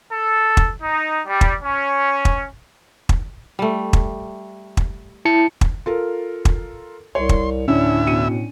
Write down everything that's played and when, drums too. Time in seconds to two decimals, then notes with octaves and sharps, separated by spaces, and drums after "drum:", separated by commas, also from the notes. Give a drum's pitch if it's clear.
0.11 A4
0.57 drum: kick
0.82 D#4
1.27 G3
1.41 drum: kick
1.62 C#4
2.25 drum: kick
3.09 drum: kick
3.59 G3 A3
3.93 drum: kick
4.77 drum: kick
5.25 E4 A5 C#7
5.61 drum: kick
5.86 F4 A4 A#4
6.45 drum: kick
7.15 C2 C#5 C6
7.29 drum: kick
7.68 D2 A2 C#4 D4 E4 E5
8.07 B2 C#7 D#7